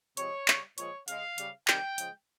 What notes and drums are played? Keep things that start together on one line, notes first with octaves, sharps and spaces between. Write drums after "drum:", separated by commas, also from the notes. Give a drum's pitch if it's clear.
C3 F3 G#3 C#5, drum: hi-hat
C#3 G3, drum: clap
A#2 F3 G#3 C#5, drum: hi-hat
C#3 G#3 F5, drum: hi-hat
C#3 G3, drum: hi-hat
C3 D#3 G3 G5, drum: clap
C#3 F3 G#3, drum: hi-hat